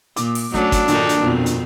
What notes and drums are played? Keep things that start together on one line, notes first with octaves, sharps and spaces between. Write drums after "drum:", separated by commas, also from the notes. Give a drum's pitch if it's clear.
A#2 D6, drum: hi-hat
drum: open hi-hat
F#3 A3 C#4 D4, drum: snare
drum: kick, hi-hat
G2 A#2 D#3 D#4 A4, drum: hi-hat
drum: hi-hat
F2 B2 C4
drum: hi-hat